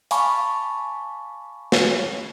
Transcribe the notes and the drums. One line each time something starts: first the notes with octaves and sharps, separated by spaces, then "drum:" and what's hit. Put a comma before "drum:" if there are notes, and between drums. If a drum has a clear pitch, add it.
F5 G#5 A5 B5 C#6 D6, drum: hi-hat
drum: snare